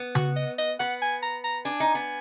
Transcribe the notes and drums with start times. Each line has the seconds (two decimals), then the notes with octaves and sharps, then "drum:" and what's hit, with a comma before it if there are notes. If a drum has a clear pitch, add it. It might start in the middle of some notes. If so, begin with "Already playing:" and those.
Already playing: B3
0.15 F#4, drum: tom C#3
0.36 D#5
0.58 D#5
0.79 B3 F#5
1.01 G#5
1.22 A#5
1.44 A#5
1.65 D4 G#5
1.80 D#4
1.95 B3